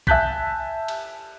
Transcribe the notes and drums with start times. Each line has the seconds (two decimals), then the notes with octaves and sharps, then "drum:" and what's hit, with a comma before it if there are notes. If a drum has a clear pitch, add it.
0.07 E5 G#5 A5 F#6 G6 B6, drum: kick A#1
0.88 drum: cymbal